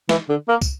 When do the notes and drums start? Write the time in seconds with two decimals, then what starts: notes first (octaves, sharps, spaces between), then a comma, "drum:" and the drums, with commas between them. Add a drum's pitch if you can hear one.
0.09 E3, drum: snare
0.29 D3
0.49 A#3
0.61 drum: kick, tambourine